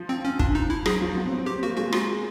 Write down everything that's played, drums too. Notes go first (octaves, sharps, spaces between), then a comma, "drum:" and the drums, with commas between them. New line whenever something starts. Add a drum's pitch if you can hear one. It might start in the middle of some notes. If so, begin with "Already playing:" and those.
Already playing: F3
C4
C#4
D4, drum: kick
D#4
E4
F#3 G#4, drum: rim click
F3
B3
C4
C4
G4
A#3 F#4
G#3 F#4
F4, drum: rim click